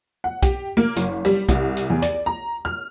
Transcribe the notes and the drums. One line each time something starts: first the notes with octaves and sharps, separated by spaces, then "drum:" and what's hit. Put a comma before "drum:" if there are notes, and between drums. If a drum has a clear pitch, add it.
F#5
G4, drum: kick B1, hi-hat
A#3
F#1, drum: hi-hat
G3, drum: rim click
C2, drum: kick B1, hi-hat
drum: hi-hat
E2
D5, drum: hi-hat
A#5
F6